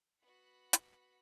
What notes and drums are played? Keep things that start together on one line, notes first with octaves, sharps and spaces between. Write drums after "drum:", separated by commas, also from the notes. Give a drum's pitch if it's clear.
B3 F#4 F#5 B5
drum: hi-hat